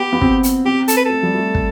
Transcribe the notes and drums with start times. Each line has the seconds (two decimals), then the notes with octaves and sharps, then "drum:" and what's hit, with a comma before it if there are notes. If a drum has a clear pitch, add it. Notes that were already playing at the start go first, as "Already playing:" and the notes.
Already playing: B3 G4
0.13 B3
0.21 C4, drum: kick
0.43 drum: hi-hat
0.65 C4 G4
0.88 A4, drum: hi-hat
0.97 B4
1.05 A3 A4
1.23 G3
1.35 A3
1.55 drum: kick